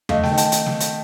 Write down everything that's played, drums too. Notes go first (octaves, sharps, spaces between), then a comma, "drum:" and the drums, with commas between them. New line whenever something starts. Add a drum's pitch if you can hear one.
A3 D#5 F5, drum: tom E2
G5 A5, drum: snare
D#3
G5 A5, drum: hi-hat
drum: hi-hat
drum: snare
drum: hi-hat